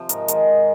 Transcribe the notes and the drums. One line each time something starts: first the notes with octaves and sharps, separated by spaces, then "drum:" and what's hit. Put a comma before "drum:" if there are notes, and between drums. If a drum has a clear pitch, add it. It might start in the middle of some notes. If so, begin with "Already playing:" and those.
Already playing: C3 F3
G#2 A#4, drum: hi-hat
D#3 G#3 A#4, drum: hi-hat
G#2